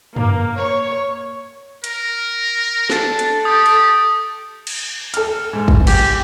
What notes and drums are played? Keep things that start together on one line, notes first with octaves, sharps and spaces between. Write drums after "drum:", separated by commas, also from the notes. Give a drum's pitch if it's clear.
A#3, drum: tom F#2
C#5
A#4, drum: hi-hat
D4 A4, drum: snare
drum: hi-hat
G4 D#6
drum: cymbal
drum: cymbal
A4 F6, drum: hi-hat
G#2
drum: kick
G4, drum: cymbal